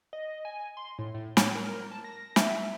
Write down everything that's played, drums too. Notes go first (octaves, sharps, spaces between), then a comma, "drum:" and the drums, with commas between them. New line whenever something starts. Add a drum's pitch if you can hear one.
D#5
G#5
C6
A2
A2
C#5, drum: snare
A#4
A5
A#6
E5, drum: snare